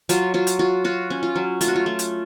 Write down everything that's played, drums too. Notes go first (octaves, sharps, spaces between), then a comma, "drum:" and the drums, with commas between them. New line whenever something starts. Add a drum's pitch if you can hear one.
F#3 F4, drum: hi-hat
F#3 F4
drum: hi-hat
F4 F#4
F4 F#4
C#4
F4
F#3
A3 F4, drum: hi-hat
F#4
F4
A3
drum: hi-hat